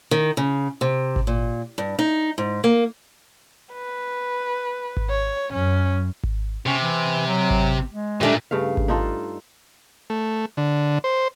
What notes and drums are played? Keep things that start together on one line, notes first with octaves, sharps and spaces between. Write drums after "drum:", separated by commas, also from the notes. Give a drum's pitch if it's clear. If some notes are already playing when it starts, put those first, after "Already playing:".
D#3
C#3
C3
drum: kick G#1
A#2
G2
D#4
G#2
A#3
B4
drum: kick G#1
C#5
F#2 C#4
drum: kick G#1
C3 C#4
E3
F#3
drum: kick G#1
G#3
A#2 G3 A3 D4
G2 C#3 A3 F5
drum: kick G#1
D4 D#4 F4 A4
A3
D3
C5